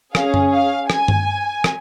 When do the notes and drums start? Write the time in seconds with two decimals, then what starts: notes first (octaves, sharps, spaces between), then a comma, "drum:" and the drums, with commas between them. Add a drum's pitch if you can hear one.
0.15 C#4 G#4 F5, drum: rim click
0.34 drum: tom F#2
0.53 F5
0.90 G#5, drum: rim click
1.08 drum: tom G2
1.64 drum: rim click